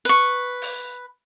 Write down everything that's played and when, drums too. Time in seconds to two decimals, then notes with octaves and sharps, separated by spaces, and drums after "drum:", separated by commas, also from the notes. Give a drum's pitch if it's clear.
0.05 B4 C#6
0.62 drum: open hi-hat